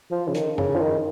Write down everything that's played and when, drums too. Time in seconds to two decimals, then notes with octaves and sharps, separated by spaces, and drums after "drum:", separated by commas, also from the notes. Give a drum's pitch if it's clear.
0.11 F3
0.28 C#3
0.35 D#3, drum: hi-hat
0.58 C#3, drum: tom F#2
0.75 F3
0.81 D#3